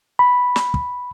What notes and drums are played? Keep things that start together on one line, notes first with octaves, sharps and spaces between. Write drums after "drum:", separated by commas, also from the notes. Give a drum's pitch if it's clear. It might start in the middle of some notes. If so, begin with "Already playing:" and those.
B5
drum: snare
drum: kick